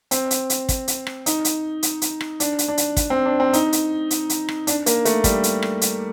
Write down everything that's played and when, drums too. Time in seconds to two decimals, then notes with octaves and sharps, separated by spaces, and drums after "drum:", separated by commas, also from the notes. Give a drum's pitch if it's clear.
0.11 C4, drum: hi-hat
0.31 drum: hi-hat
0.50 drum: hi-hat
0.69 drum: kick, hi-hat
0.88 drum: hi-hat
1.07 drum: rim click
1.26 D#4, drum: hi-hat
1.45 drum: hi-hat
1.83 drum: hi-hat
2.02 drum: hi-hat
2.21 drum: rim click
2.40 D4, drum: hi-hat
2.59 drum: hi-hat
2.68 D4
2.78 drum: hi-hat
2.97 drum: kick, hi-hat
3.10 C4
3.26 D4
3.40 C4
3.53 D#4, drum: hi-hat
3.73 drum: hi-hat
4.11 drum: hi-hat
4.30 drum: hi-hat
4.49 drum: rim click
4.67 D4, drum: hi-hat
4.86 A#3, drum: hi-hat
5.05 A3, drum: hi-hat
5.24 G3, drum: kick, hi-hat
5.43 drum: hi-hat
5.62 drum: rim click
5.81 drum: hi-hat